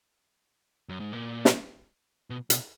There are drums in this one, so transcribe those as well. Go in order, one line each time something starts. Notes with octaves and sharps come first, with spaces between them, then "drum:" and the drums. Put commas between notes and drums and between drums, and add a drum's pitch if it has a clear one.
F#2
G#2
A#2
drum: snare
B2
B2, drum: hi-hat